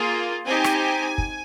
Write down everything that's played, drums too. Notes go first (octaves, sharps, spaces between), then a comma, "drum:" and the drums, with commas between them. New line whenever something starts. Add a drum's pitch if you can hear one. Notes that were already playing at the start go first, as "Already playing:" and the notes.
Already playing: A#3 F4 G#4
C4 D#4 G4 G#5
drum: rim click
drum: kick